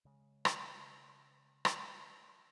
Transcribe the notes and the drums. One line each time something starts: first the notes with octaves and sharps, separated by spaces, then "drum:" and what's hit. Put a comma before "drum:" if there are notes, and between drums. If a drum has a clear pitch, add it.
C#3 G#3
drum: rim click
drum: rim click